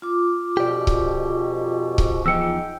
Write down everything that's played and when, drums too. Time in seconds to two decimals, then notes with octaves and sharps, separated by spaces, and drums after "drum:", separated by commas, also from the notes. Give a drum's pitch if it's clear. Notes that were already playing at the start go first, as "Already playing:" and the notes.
0.02 F4 D6
0.57 F2 G#2 B2 G4 D5
0.87 drum: kick C#1
1.98 drum: kick C#1
2.26 E2 G#2 F3 D#4 G5 E6 C#7